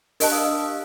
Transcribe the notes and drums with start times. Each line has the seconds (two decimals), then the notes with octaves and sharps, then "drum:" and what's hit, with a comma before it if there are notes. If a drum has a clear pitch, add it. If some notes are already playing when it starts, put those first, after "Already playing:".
0.20 D4 G4 A#4 D#5 A5 F#6, drum: open hi-hat
0.32 F5 D#6 E6